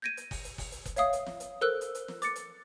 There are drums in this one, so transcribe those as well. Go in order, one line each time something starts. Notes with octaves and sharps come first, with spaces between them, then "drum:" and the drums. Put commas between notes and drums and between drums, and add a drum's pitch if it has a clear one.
G6 G#6 A#6 D7 D#7
drum: hi-hat
drum: kick F#1, open hi-hat
drum: hi-hat
drum: kick F#1, open hi-hat
drum: hi-hat
drum: kick F#1, hi-hat
C#5 E5 F5 D#6, drum: hi-hat
drum: hi-hat
drum: snare
drum: hi-hat
A4 A#4 C5 E6 F#6
drum: hi-hat
drum: hi-hat
drum: snare
D6 A6 C#7, drum: hi-hat
drum: hi-hat